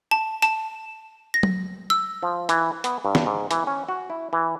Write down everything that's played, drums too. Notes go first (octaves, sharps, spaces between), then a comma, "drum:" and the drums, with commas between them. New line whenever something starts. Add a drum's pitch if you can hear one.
A5
A5, drum: hi-hat
A#6
drum: tom F#3
E6
F3
E3, drum: hi-hat
B3, drum: hi-hat
G2
drum: snare
G#2
E3, drum: hi-hat
C#4
F#4
E4
E3